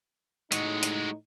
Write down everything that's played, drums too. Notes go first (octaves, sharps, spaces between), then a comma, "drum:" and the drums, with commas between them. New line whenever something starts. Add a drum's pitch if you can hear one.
A2 G#3 D#4 F#4, drum: hi-hat
drum: hi-hat